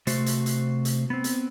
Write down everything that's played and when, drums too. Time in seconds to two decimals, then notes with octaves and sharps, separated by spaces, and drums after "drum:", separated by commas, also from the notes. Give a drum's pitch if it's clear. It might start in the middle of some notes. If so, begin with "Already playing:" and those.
0.07 C3 A3 F#4 C5, drum: hi-hat
0.26 drum: hi-hat
0.46 drum: hi-hat
0.85 drum: hi-hat
1.10 B3 C4
1.24 drum: hi-hat